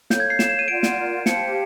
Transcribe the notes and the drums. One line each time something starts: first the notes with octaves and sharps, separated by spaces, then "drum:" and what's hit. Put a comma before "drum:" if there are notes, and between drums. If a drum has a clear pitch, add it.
A4 C#5 F5 G6, drum: snare
G#6
C7
E7, drum: snare
E7
D#7
F4 A#4 D5 F#5 D7
drum: snare
G4 C5 F5 A5 C#7, drum: snare